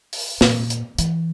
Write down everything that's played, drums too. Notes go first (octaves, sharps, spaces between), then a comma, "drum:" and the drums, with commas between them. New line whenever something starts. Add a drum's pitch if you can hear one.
drum: open hi-hat
A#2, drum: snare
drum: hi-hat
E3, drum: hi-hat